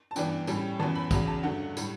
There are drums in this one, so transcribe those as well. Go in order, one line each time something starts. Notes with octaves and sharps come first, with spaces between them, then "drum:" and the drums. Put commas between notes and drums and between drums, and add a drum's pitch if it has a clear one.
A5
G2 E3 B3 D4 G5, drum: tambourine
A2 G3 C#4, drum: tambourine
F#2 E3 B3 A5, drum: tom
B5
E2 C#3 F#3 B5, drum: kick, tambourine
A5
G2 D3 F#3 A3 F#5
A2 G3, drum: tambourine